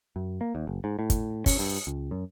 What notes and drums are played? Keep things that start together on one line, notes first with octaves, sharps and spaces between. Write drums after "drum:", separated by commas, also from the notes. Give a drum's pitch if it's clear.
F#2
A#3
D#2
F#1
G#2
A2
drum: kick, hi-hat
C#4, drum: kick, open hi-hat
G2
C#2
F#2